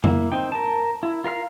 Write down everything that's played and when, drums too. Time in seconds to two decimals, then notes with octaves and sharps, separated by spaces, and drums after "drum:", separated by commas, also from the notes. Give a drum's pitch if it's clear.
0.04 A#3 E4, drum: tom F2
0.32 C4 D#4 G5
0.52 A#4 A5
1.03 E4
1.24 F4 A#4 F5 F6